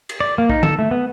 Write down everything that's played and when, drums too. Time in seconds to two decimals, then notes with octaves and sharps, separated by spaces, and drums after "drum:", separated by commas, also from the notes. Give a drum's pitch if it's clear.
0.09 drum: cymbal
0.20 D5
0.38 A#3
0.49 D#4, drum: kick
0.63 A4, drum: tom D3
0.79 A3
0.91 B3